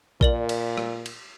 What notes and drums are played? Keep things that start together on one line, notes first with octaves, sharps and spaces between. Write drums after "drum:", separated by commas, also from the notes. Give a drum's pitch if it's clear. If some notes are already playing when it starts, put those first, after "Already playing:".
A#2 A#4 D5 F#7, drum: kick A#1
drum: cymbal
drum: rim click
drum: cymbal